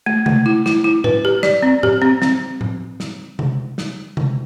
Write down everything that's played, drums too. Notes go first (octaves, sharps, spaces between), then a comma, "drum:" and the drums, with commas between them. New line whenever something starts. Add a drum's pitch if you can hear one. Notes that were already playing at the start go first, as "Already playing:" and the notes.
A3
A3, drum: tom C3
E4
E4, drum: snare
E4
B4, drum: tom A2
G4
D5, drum: snare
C4
G4, drum: tom A2
C4
C4, drum: snare
drum: tom A2
drum: snare
drum: tom C3
drum: snare
drum: tom C3